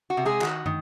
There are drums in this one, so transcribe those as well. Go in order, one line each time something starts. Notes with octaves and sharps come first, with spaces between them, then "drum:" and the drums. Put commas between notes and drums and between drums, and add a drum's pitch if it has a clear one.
F#4
C3
G#3 G#4
D#3 F#4, drum: clap
D#3, drum: tom